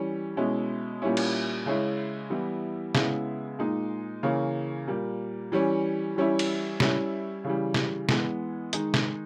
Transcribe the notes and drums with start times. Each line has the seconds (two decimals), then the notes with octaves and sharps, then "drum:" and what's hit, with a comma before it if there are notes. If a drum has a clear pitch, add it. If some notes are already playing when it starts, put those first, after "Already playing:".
Already playing: E3 G3 C#4
0.37 B2 G#3 C#4 E4
1.02 A#2 G3 C#4 E4
1.17 drum: cymbal
1.66 C#3 G#3 C#4 E4
2.30 E3 G3 B3 E4
2.95 C#3 G#3 B3 E4, drum: snare
3.59 A#2 G#3 D#4
4.23 C#3 E3 A#3 C#4
4.87 A#2 G3 A#3
5.52 E3 G3 C#4
6.16 E3 G3 C#4 E4
6.39 drum: cymbal
6.80 G3 C#4 E4, drum: snare
7.44 C#3 E3 G3
7.74 drum: snare
8.09 E3 G#3 B3, drum: snare
8.73 D#3 G#3 D#4, drum: hi-hat
8.94 drum: snare